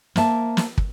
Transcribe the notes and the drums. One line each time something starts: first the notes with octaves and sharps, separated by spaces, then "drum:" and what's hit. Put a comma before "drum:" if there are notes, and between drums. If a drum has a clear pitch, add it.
A#3 C5 E5 A5, drum: snare
drum: snare
drum: kick